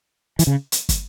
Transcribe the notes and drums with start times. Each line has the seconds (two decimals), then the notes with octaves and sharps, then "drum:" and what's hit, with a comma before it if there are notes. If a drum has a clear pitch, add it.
0.39 E3, drum: hi-hat
0.47 C#3
0.72 drum: hi-hat
0.89 drum: kick, hi-hat